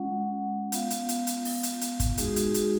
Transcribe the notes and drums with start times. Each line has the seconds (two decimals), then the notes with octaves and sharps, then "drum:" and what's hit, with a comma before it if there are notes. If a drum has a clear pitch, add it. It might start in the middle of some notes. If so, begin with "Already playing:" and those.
Already playing: G#3 C#4 F4 F#5
0.72 B3 F4 F5, drum: hi-hat
0.90 drum: hi-hat
1.09 drum: hi-hat
1.27 drum: hi-hat
1.45 drum: open hi-hat
1.63 drum: hi-hat
1.81 drum: hi-hat
2.00 drum: kick, hi-hat
2.18 G#3 D#4 F#4 G#4, drum: hi-hat
2.36 G#4, drum: hi-hat
2.54 F#4, drum: hi-hat